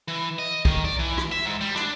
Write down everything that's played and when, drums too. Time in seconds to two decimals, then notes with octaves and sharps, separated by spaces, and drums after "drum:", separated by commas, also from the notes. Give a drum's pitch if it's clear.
0.08 E3
0.39 D#5
0.65 D#3, drum: kick B1
0.85 D5
0.99 E3
1.18 drum: rim click
1.32 E5
1.45 G#2
1.61 G3
1.76 D4, drum: rim click